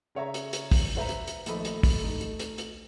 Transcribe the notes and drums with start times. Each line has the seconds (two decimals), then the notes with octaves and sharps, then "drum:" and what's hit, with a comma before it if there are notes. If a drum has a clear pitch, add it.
0.15 C#3 C#5 E5 A#5
0.34 drum: hi-hat
0.53 drum: hi-hat
0.72 drum: kick, open hi-hat
0.96 B4 C5 E5 A#5
1.09 drum: hi-hat
1.27 drum: hi-hat
1.46 A#1 D#3 A3 A4 D#5 B5, drum: hi-hat
1.65 drum: hi-hat
1.83 drum: kick, open hi-hat
1.97 A3 D#4
2.21 drum: hi-hat
2.39 drum: hi-hat
2.58 drum: hi-hat